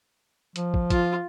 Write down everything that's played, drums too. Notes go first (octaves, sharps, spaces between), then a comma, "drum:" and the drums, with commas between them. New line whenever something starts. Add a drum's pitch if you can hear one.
F3, drum: hi-hat
drum: kick
F4, drum: kick, hi-hat